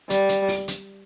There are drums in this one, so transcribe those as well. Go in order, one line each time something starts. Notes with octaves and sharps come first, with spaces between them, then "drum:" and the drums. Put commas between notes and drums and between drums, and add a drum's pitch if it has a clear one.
G3, drum: hi-hat
drum: hi-hat
drum: open hi-hat
drum: hi-hat